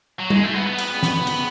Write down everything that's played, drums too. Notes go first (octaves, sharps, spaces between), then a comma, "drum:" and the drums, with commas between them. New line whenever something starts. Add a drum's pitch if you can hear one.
F#3
G#3, drum: tom G3
A3
B3
B3
drum: cymbal
drum: snare
drum: cymbal